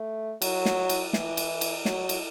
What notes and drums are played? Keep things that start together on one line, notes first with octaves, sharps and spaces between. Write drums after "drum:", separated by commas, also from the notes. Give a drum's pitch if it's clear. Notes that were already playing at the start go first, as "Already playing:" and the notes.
Already playing: A3
F#3, drum: cymbal
drum: snare
drum: cymbal
E3, drum: snare
drum: cymbal
drum: cymbal
F#3, drum: snare
drum: cymbal